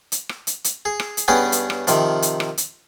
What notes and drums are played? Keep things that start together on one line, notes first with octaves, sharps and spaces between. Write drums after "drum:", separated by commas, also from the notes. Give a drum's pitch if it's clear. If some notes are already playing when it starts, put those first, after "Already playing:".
drum: hi-hat
drum: rim click
drum: hi-hat
drum: hi-hat
G#4
drum: rim click
drum: hi-hat
G2 B3 C#4 G#4 G5 D#6
drum: hi-hat
drum: rim click
C3 D#3 F3, drum: hi-hat
drum: hi-hat
drum: rim click
drum: hi-hat